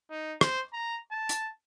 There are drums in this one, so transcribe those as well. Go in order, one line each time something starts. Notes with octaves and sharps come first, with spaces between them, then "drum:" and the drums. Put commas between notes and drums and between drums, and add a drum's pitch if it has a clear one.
D#4
C5, drum: rim click
A#5
A5
drum: hi-hat